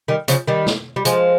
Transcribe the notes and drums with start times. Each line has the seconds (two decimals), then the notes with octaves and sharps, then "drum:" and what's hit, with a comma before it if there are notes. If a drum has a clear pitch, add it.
0.08 D#3 G3
0.28 C#3 F3, drum: hi-hat
0.47 D#3 G3
0.67 drum: snare
0.96 G3
1.05 F3 G#3, drum: hi-hat